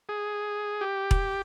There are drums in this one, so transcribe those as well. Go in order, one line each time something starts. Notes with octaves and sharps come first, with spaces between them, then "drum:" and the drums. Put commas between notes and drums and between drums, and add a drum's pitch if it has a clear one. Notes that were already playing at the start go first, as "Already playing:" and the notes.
G#4
G4
drum: kick E1